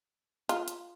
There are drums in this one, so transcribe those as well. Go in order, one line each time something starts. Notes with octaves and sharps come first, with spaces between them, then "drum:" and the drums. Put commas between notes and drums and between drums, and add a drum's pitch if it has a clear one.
F4, drum: hi-hat
drum: hi-hat